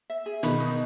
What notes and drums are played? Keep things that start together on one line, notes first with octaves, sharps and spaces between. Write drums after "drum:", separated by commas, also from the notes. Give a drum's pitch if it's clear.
E5
G#4
B2 D#3 B4, drum: hi-hat
D#4